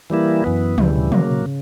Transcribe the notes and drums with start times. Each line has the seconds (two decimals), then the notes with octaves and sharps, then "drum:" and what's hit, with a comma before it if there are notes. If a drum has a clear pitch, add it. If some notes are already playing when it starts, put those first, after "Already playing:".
0.10 E3 G3 A#3 E4
0.44 F#2 E3 B3
0.78 D2 C#3 E3 G3, drum: tom
1.12 C#3 F#3 A#3, drum: tom
1.46 C#3